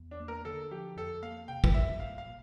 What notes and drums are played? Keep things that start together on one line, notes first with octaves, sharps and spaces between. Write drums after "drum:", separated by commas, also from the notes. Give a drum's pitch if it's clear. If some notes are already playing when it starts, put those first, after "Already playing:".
Already playing: E2
D4
A#3
A#4
D3 A4
F3 G4
F2 A4
A#3 F5
C3 G5
drum: kick
G3 E5
A#2 F5
F5
A#2